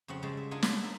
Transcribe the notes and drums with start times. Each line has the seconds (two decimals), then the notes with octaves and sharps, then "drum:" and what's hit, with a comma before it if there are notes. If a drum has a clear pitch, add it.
0.08 F2 C#3 C4 F#4 F#5
0.22 C#3 G3 G#3 D5 A5
0.37 E5
0.51 D4 F4 A#4 D#5 F#5 G#5
0.63 F#3 F4, drum: snare
0.82 D#4 F4 E5